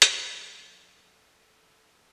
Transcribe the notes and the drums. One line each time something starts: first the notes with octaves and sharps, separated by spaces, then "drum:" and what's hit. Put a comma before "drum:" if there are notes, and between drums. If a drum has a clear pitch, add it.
A4 F5, drum: hi-hat